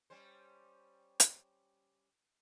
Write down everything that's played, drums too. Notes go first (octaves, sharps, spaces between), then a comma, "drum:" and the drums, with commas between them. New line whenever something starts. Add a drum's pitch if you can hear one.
G3 C#4 C5
drum: hi-hat